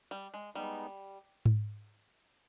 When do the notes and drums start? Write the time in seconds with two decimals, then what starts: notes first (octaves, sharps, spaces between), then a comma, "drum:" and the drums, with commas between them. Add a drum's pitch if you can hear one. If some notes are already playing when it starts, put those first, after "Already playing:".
0.11 G3
0.34 G#3
0.55 G3 G#3 B3 D#4
1.45 drum: tom G#2